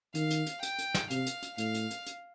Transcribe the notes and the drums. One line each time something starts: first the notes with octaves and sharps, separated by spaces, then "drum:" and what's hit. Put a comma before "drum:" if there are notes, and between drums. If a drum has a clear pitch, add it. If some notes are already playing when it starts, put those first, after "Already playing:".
D#3 F5, drum: hi-hat
drum: hi-hat
drum: hi-hat
G5, drum: hi-hat
drum: hi-hat
drum: snare
C3 F5, drum: hi-hat
drum: hi-hat
drum: hi-hat
A2 F5, drum: hi-hat
drum: hi-hat
drum: hi-hat
drum: hi-hat